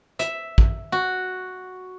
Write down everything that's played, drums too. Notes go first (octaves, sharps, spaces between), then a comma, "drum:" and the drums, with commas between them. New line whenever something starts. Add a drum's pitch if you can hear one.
E5, drum: hi-hat
drum: kick
F#4